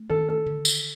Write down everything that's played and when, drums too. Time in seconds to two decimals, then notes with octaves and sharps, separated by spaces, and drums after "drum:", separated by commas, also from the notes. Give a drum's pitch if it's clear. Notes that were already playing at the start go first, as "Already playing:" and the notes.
Already playing: A3
0.10 D#3 A4
0.28 A4
0.46 D3
0.65 drum: tambourine